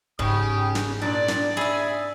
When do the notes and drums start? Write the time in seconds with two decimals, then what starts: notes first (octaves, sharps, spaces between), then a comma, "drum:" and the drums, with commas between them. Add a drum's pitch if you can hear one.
0.19 G#2 C#3 G4 D#6, drum: kick
0.75 drum: snare
1.02 A#2 D4 E4 D5 A5
1.28 drum: snare
1.57 G#4 E5 G#5 B5